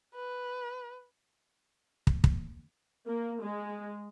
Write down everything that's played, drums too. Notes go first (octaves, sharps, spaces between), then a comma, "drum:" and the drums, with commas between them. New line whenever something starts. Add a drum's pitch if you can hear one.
B4
drum: kick
drum: kick
A#3
G#3